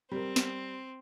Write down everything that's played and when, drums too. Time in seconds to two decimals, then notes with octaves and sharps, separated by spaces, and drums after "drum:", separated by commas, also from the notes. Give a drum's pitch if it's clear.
0.12 G3 C4 A#4
0.36 drum: snare